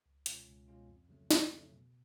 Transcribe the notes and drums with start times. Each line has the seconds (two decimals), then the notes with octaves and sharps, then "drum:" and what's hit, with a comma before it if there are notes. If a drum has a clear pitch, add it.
0.06 C#2
0.26 B2 G#3 C#4 F4, drum: hi-hat
0.47 C#2
0.68 B2 G#3 C#4 F4
0.88 F2
1.09 C#3 F#3 A3
1.31 F2, drum: snare
1.50 C#3 F#3 A3
1.72 B2